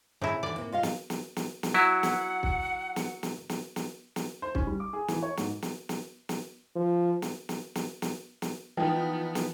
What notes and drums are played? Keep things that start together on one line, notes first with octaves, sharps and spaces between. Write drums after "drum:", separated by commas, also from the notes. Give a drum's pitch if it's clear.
A2 C3 E4 G#4
D3 E3 D5
C3 A#3
F4 D#5 F5
drum: snare
drum: snare
drum: snare
drum: snare
F#3 E4 F#5
drum: snare
drum: kick
drum: snare
drum: snare
drum: snare
drum: snare
drum: snare
C5
C#4, drum: kick
G3
D6
G#4
E3, drum: snare
C#5
G#2, drum: snare
drum: snare
drum: snare
drum: snare
F3
drum: snare
drum: snare
drum: snare
drum: snare
drum: snare
E3 F3 B3 D#4 G5
drum: snare